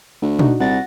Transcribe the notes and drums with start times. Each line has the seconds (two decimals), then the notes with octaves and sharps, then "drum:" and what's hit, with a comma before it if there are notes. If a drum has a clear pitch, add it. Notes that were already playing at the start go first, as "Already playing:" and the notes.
0.22 D2
0.39 D4 D#4 F#4, drum: tom
0.60 C2 F#5 A6 A#6